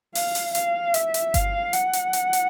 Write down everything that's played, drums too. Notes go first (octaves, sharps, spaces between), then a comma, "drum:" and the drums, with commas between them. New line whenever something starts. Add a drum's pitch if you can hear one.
F5, drum: open hi-hat
drum: open hi-hat
F5, drum: hi-hat
E5, drum: hi-hat
drum: hi-hat
F5, drum: kick G1, hi-hat
F#5, drum: hi-hat
drum: hi-hat
drum: hi-hat
drum: hi-hat